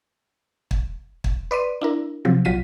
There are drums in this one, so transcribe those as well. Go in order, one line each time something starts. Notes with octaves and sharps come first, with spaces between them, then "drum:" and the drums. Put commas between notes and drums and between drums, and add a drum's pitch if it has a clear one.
drum: kick
drum: kick
B4 D5 C6 D#7
D4 E4 A#4
C3 F3 F#3
B1 F#3 F4 B6 D#7